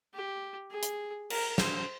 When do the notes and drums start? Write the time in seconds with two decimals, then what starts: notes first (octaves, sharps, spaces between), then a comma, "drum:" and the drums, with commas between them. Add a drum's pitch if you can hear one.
0.14 G4
0.71 G#4
0.83 drum: hi-hat
1.30 A#4, drum: cymbal
1.58 C5, drum: snare